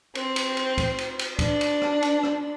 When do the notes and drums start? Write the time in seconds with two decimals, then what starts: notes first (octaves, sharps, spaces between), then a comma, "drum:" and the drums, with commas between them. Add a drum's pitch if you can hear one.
0.15 C4, drum: cymbal
0.36 drum: cymbal
0.57 drum: cymbal
0.78 drum: kick C#2, cymbal
0.98 drum: cymbal
1.19 drum: cymbal
1.39 D4, drum: kick C#2, cymbal
1.61 drum: cymbal
1.82 drum: rim click
2.02 drum: cymbal
2.23 drum: rim click